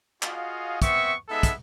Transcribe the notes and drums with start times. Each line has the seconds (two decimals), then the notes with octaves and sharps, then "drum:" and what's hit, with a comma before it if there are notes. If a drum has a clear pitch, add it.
0.22 F4 F#4 G#4 D#5 F5, drum: clap
0.82 B3 C4 E5 C#6, drum: kick, hi-hat
1.29 G#3 B3 D#4 A4 E5
1.43 drum: kick, hi-hat